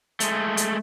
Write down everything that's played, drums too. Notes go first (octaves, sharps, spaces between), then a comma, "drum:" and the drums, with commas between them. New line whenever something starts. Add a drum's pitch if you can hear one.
G#3 A3, drum: hi-hat
drum: hi-hat